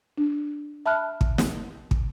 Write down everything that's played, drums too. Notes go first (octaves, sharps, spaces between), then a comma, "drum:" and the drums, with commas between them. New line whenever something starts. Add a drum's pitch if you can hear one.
D4
E5 A5 B5 F6 F#6
drum: kick
drum: snare
drum: kick